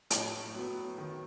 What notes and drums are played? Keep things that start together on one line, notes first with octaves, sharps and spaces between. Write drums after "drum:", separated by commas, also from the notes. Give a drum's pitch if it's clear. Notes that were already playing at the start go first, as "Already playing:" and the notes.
A2 C#5, drum: hi-hat
F#3 B3
D#3